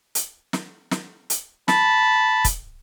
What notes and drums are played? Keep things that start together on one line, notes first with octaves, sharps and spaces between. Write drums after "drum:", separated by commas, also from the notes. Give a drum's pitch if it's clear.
drum: hi-hat
drum: snare
drum: snare
drum: hi-hat
A5 B5, drum: snare
drum: kick, hi-hat